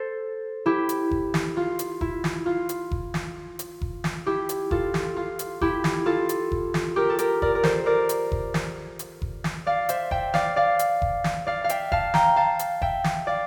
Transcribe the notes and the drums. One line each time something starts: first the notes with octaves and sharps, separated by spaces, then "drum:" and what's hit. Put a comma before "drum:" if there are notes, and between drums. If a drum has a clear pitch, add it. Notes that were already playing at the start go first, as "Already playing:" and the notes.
Already playing: A4 C5
E4 G4
drum: hi-hat
drum: kick F1
drum: snare
F4
drum: hi-hat
E4, drum: kick F1
drum: snare
F4
drum: hi-hat
drum: kick F1
drum: snare
drum: hi-hat
drum: kick F1
drum: snare
E4 G4
drum: hi-hat
F4 A4, drum: kick F1
drum: snare
F4
drum: hi-hat
E4 G4, drum: kick F1
drum: snare
F4 A4
drum: hi-hat
drum: kick F1
drum: snare
G4 A#4
A4
G4 A#4, drum: hi-hat
A#4 D5, drum: kick F1
A#4
A4 C5, drum: snare
A#4 D5
drum: hi-hat
drum: kick F1
drum: snare
drum: hi-hat
drum: kick F1
drum: snare
D5 F5
C5 E5, drum: hi-hat
E5 G5, drum: kick F1
D5 F5, drum: snare
D5 F5
drum: hi-hat
drum: kick F1
drum: snare
D5 F5
F5
E5 G5, drum: hi-hat
F5 A5, drum: kick F1
G5 A#5, drum: snare
F5 A5
drum: hi-hat
E5 G5, drum: kick F1
drum: snare
D5 F5